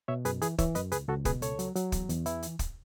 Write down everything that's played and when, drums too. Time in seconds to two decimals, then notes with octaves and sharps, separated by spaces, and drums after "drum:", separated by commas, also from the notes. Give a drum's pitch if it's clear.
0.08 B2 C#5 E5
0.25 F#2 G#4 B4, drum: hi-hat
0.42 E3 G#4 B4, drum: hi-hat
0.58 E3 C#5 E5, drum: kick, hi-hat
0.75 F#2 B4 D#5, drum: hi-hat
0.92 C#2 G#4 B4, drum: hi-hat
1.08 C#2 F#4 A4
1.25 B2 G#4 B4, drum: kick, hi-hat
1.42 C#2 A4 C#5, drum: hi-hat
1.59 F#3, drum: hi-hat
1.76 F#3, drum: hi-hat
1.92 E2, drum: kick, hi-hat
2.09 E2, drum: hi-hat
2.26 E3 E4, drum: hi-hat
2.43 drum: hi-hat
2.59 drum: kick, hi-hat